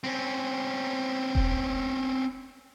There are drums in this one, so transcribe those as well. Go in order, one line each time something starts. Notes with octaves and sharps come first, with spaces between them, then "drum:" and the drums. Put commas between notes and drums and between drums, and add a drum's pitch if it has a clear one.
C4 C#4
drum: kick E1